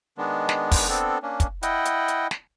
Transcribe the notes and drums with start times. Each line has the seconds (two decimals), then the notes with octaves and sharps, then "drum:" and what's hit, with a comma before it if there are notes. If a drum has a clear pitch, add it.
0.18 D#3 G#3 B3 D4
0.49 drum: snare
0.71 drum: kick, open hi-hat
0.89 B3 C4 D4 A4
1.23 A#3 C#4 D4
1.40 drum: kick, hi-hat
1.63 E4 D#5 F#5 G5, drum: hi-hat
1.85 drum: hi-hat
2.08 drum: hi-hat
2.31 drum: snare